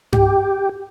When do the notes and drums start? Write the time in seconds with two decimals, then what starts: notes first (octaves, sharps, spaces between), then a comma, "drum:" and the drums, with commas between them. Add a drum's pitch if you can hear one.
0.13 G4, drum: tom G2